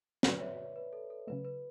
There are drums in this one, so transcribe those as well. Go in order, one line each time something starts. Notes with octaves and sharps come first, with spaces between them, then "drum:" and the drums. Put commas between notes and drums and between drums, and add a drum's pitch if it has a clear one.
G2 D3 F#3 C#4 F#4 B4 D5, drum: snare
C#5 E5
B4
A4
A4
C#3 F#3 A3 B4
B4